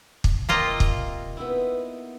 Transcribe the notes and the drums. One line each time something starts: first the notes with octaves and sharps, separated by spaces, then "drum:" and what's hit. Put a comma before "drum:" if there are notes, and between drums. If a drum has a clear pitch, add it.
drum: kick
C3 A#3 C4 F4 D#5
drum: kick
B3 D#4 E4